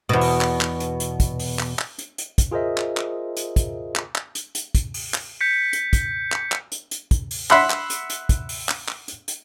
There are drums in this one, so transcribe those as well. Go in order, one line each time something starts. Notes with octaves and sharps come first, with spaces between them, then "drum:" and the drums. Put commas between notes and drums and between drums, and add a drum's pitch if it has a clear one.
E2 B2
drum: open hi-hat
drum: clap
drum: clap
drum: hi-hat
drum: hi-hat
drum: kick, hi-hat
drum: open hi-hat
drum: clap
drum: clap
drum: hi-hat
drum: hi-hat
drum: kick, hi-hat
F4 G#4 A#4 C5 D#5 E5
drum: clap
drum: clap
drum: hi-hat
drum: kick, hi-hat
drum: clap
drum: clap
drum: hi-hat
drum: hi-hat
drum: kick, hi-hat
drum: open hi-hat
drum: clap
G6 B6 C#7
drum: hi-hat
drum: kick, hi-hat
drum: clap
drum: clap
drum: hi-hat
drum: hi-hat
drum: kick, hi-hat
drum: open hi-hat
E5 F#5 B5 C6, drum: clap
drum: clap
drum: hi-hat
drum: hi-hat
drum: kick, hi-hat
drum: open hi-hat
drum: clap
drum: clap
drum: hi-hat
drum: hi-hat